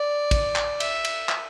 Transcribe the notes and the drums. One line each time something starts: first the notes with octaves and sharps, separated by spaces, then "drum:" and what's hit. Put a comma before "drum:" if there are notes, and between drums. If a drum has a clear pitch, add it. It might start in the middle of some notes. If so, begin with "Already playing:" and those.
Already playing: D5
drum: kick, cymbal
drum: clap
E5, drum: cymbal
drum: cymbal
drum: clap